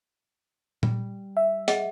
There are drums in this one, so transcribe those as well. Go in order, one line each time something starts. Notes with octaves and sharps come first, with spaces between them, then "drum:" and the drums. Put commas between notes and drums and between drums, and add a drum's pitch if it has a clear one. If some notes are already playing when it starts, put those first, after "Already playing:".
G3, drum: tom A#2
E5
G#4 D#5 F#5, drum: hi-hat